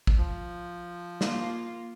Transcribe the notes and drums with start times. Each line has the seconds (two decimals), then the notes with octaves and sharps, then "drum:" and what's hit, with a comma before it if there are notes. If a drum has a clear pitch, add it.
0.07 drum: kick
0.17 F3
1.21 A#3 F4, drum: snare